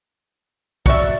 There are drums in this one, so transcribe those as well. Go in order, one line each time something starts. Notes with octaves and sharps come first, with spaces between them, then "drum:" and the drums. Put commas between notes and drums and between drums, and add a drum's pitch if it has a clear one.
F#4 D5 E5, drum: kick C2